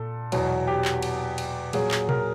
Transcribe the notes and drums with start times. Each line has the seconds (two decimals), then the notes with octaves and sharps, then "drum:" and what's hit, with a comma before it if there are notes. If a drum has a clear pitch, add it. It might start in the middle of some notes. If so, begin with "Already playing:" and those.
Already playing: A#2 A4
0.32 E2 B2 F#3, drum: cymbal
0.67 G4
0.85 drum: clap
1.02 drum: cymbal
1.38 drum: cymbal
1.73 A#2 F#3 G#4, drum: cymbal
1.91 drum: clap
2.09 A#4, drum: tom B2